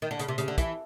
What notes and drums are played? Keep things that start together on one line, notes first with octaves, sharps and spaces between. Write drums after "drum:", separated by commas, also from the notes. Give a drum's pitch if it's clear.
D#3
D3
C#3, drum: hi-hat
C3
C#3, drum: hi-hat
D3
E3, drum: kick, hi-hat